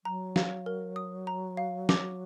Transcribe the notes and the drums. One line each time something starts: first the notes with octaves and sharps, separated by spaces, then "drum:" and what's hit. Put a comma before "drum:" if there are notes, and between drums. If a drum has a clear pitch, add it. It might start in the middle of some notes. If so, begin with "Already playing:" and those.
F#3 A#5
F5, drum: snare
A#4
D#6
A#5
F5
D6, drum: snare